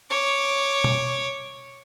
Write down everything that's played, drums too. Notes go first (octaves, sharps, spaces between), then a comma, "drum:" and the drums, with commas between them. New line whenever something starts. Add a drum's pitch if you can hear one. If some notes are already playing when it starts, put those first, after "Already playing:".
C#5 D6
drum: tom B2